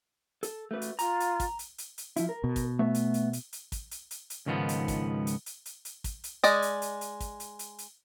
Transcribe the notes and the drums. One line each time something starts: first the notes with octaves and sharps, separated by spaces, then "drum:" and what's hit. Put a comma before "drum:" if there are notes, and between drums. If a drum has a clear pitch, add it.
A4, drum: hi-hat
A3 F#4 B4
drum: hi-hat
F4 A#5, drum: hi-hat
drum: hi-hat
drum: kick, hi-hat
drum: hi-hat
drum: hi-hat
drum: hi-hat
F3 E4, drum: hi-hat
A#4
B2
drum: kick, hi-hat
A3 B3 E5
drum: hi-hat
drum: hi-hat
drum: hi-hat
drum: hi-hat
drum: kick, hi-hat
drum: hi-hat
drum: hi-hat
drum: hi-hat
C#2 G#2 D#3 F3 B3
drum: hi-hat
drum: kick, hi-hat
drum: hi-hat
drum: hi-hat
drum: hi-hat
drum: hi-hat
drum: kick, hi-hat
drum: hi-hat
G#3 D5 D#5, drum: hi-hat
drum: hi-hat
drum: hi-hat
drum: hi-hat
drum: kick, hi-hat
drum: hi-hat
drum: hi-hat
drum: hi-hat